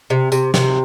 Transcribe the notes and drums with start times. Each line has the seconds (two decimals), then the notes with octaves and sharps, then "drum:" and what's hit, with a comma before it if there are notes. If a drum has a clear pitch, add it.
0.10 C3
0.32 C3, drum: tambourine
0.54 C3, drum: snare